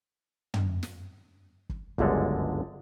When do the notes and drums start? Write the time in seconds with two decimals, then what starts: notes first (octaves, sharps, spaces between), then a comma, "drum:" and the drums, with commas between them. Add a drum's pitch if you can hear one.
0.54 drum: tom
0.83 drum: snare
1.69 drum: kick
1.98 G1 C#2 F#2 D3 G#3 A4, drum: kick